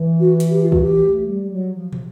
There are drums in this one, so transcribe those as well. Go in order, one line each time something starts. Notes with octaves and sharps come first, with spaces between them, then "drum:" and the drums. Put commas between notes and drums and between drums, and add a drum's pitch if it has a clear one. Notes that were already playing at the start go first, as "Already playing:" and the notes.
Already playing: E3
F#4
drum: hi-hat
G4
F4
F#4, drum: kick
E3 G4
A3
G3
F#3
F3
F3, drum: tom